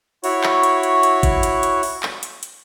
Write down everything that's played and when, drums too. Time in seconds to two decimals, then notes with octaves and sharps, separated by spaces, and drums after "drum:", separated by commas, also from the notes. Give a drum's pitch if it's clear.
0.24 E4 F#4 C#5, drum: open hi-hat
0.44 drum: clap
0.63 drum: hi-hat
0.83 drum: hi-hat
1.03 drum: hi-hat
1.23 drum: kick G#1, hi-hat
1.43 drum: hi-hat
1.63 drum: hi-hat
1.83 drum: open hi-hat
2.03 drum: clap
2.23 drum: hi-hat
2.43 drum: hi-hat